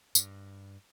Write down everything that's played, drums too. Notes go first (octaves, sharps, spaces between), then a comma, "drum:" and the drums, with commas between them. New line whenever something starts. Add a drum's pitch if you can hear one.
G2, drum: tambourine